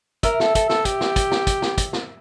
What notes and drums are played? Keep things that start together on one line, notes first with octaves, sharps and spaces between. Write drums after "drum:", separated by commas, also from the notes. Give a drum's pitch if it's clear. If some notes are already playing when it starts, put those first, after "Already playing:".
A#4 E5, drum: kick, hi-hat
A4, drum: snare
A4, drum: kick, hi-hat
A4, drum: snare
G4, drum: kick, hi-hat
drum: snare
drum: kick, hi-hat
drum: snare
drum: kick, hi-hat
drum: snare
drum: kick, hi-hat
drum: snare